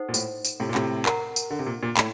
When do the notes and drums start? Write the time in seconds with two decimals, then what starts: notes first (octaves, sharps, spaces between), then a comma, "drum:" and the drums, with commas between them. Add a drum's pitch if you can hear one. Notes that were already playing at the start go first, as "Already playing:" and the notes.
Already playing: D#4 A4 C5 F#5
0.09 A#2
0.14 A2, drum: tambourine
0.45 drum: tambourine
0.60 A2 C3
0.69 A#2
0.75 A2 C3, drum: clap
1.06 A#4 F#5 A#5, drum: clap
1.36 drum: tambourine
1.50 D3
1.59 C3
1.66 A#2
1.83 A#2
1.97 A2, drum: clap